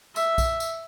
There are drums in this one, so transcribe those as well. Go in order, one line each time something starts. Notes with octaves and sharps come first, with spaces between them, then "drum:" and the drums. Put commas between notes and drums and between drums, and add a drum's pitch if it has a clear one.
E5, drum: tambourine
drum: kick B1, tambourine
drum: tambourine